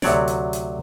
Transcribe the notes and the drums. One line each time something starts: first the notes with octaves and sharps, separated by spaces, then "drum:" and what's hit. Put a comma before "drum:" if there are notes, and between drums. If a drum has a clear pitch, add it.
D2 C3 F#3 C#5 D5, drum: snare
drum: hi-hat
drum: hi-hat